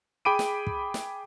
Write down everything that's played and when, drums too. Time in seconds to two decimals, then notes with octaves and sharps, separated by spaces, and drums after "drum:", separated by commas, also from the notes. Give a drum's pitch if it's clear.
0.25 G#4 G5 B5 D6 D7 D#7
0.39 drum: snare
0.67 drum: kick
0.94 drum: snare